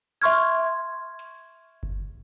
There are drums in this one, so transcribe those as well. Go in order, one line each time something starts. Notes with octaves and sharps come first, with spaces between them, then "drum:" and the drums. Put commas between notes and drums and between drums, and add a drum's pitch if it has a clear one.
E5 C6 C#6 F6 G#6
drum: hi-hat
drum: kick F#1